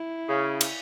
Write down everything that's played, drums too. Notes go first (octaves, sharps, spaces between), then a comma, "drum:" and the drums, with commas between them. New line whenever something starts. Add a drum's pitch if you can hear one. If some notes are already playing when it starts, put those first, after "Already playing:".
Already playing: E4
C#3
drum: cymbal